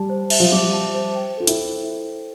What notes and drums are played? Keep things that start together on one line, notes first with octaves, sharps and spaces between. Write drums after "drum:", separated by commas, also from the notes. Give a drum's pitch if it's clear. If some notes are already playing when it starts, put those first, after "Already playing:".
Already playing: G3 A5
C5
E5, drum: cymbal
F3
G3 D6
A5
C5
G5
F4 A4
E4, drum: hi-hat